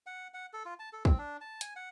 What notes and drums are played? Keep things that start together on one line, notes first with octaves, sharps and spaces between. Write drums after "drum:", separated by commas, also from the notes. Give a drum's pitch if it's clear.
F#5
F#5
A4
F4
A5
A4
C4, drum: kick
D4
A5
G#5, drum: hi-hat
F#5